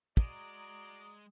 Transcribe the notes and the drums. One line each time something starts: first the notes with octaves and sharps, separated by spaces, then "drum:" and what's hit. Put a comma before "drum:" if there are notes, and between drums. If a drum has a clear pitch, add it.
G#3 F#4 D5 A#5 D#6, drum: kick